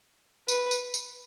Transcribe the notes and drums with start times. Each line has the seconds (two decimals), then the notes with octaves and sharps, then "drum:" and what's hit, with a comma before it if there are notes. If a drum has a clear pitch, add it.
0.48 B4, drum: tambourine
0.71 drum: tambourine
0.94 drum: tambourine